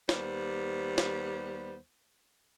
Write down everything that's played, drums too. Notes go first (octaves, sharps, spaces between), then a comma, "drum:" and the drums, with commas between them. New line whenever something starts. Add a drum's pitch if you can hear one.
D#2 G3 B3 C5, drum: snare
drum: snare